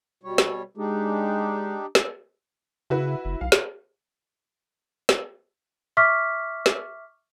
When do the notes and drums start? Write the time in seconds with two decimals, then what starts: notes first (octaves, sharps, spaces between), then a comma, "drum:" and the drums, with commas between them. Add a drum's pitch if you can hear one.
0.23 B2 G3 C#5
0.38 drum: snare
0.77 G#3 D4 D#4 G4
1.95 drum: snare
2.90 C#3 E4 F#4 B4
3.25 F#1
3.41 B1 F5
3.52 drum: snare
5.09 drum: snare
5.97 E5 C#6 D6 F6 B6
6.66 drum: snare